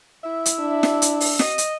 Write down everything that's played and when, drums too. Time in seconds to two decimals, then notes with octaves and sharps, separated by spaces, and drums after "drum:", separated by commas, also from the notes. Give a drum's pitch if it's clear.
0.24 E4 E5
0.46 drum: hi-hat
0.60 D4
0.83 drum: snare
1.02 drum: hi-hat
1.20 drum: open hi-hat
1.39 D#5, drum: snare
1.58 drum: hi-hat